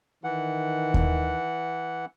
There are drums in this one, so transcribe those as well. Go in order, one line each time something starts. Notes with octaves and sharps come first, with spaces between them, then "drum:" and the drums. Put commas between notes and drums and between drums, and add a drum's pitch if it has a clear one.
D#3 E3 F#5
drum: kick D#2